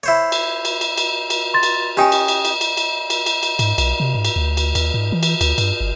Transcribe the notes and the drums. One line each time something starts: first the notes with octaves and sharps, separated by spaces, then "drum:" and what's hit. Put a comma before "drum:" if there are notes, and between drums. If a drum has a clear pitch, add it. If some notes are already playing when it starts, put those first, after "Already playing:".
E4 C5 C#5
drum: cymbal
drum: cymbal
drum: cymbal
drum: cymbal
drum: cymbal
C6 A6
drum: cymbal
C#4 D#4 G4 G5 G#5
drum: cymbal
drum: cymbal
drum: cymbal
drum: cymbal
drum: cymbal
drum: cymbal
drum: cymbal
drum: cymbal
G#2, drum: cymbal
B1, drum: cymbal
C3
G#2
drum: cymbal
D2
drum: cymbal
D#2, drum: cymbal
G#2
E3
drum: cymbal
D2, drum: cymbal
G2, drum: cymbal
G1